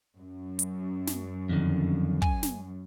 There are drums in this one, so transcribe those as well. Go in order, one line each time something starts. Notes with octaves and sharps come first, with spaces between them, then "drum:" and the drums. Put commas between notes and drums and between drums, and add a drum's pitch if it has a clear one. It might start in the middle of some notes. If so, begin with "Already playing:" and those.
F#2
drum: hi-hat
drum: snare
F2 D3 D#3
G#5, drum: kick
drum: snare